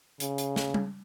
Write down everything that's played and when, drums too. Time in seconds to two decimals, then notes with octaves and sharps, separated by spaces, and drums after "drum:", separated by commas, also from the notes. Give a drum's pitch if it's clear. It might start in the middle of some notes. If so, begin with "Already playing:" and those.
0.20 C#3, drum: hi-hat
0.38 drum: hi-hat
0.56 drum: snare
0.74 drum: tom G3